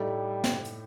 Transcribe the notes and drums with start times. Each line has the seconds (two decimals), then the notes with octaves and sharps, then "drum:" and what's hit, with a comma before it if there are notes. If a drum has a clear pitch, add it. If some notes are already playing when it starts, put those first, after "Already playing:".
Already playing: A2 G3 A3 D#4 G4
0.44 drum: snare
0.65 drum: hi-hat